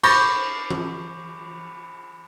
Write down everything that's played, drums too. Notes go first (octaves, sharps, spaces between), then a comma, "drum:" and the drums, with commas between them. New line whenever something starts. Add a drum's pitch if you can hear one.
B5 C#6 D6 G6 A6 A#6, drum: cymbal
drum: tom E3